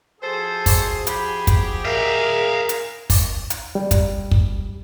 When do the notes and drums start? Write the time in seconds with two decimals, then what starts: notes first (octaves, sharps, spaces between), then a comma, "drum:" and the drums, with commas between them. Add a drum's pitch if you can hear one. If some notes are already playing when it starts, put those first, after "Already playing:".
0.20 F3 F#4 G#4 A4 C5
0.66 drum: kick, open hi-hat
1.07 G4 B5, drum: hi-hat
1.47 drum: kick, hi-hat
1.85 G#4 A#4 E5 F5
2.69 drum: hi-hat
3.10 drum: kick, open hi-hat
3.50 drum: hi-hat
3.75 G3
3.91 drum: kick, hi-hat
4.31 drum: kick